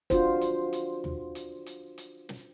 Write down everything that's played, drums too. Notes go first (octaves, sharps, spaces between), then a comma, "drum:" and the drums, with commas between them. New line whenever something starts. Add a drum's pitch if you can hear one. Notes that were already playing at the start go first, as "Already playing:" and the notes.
D4 F4 F#4 C5, drum: kick, hi-hat
drum: hi-hat
drum: hi-hat
drum: tom
drum: hi-hat
drum: hi-hat
drum: hi-hat
drum: snare